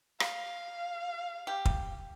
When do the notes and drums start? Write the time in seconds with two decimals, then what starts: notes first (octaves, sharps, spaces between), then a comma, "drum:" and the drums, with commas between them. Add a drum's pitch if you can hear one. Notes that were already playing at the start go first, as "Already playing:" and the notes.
0.20 F5, drum: rim click
1.47 G4
1.65 drum: kick